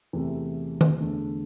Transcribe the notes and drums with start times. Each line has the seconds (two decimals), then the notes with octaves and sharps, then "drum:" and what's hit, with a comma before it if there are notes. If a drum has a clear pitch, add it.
0.13 E2 C3 E3 A3
0.81 drum: tom D#3
1.00 E2 D3 A3